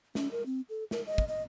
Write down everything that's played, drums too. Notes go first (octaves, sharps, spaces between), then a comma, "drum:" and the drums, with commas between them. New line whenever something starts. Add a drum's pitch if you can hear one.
C#4, drum: snare
A#4
C4
A4
A#4, drum: snare
D#5
drum: kick
D#5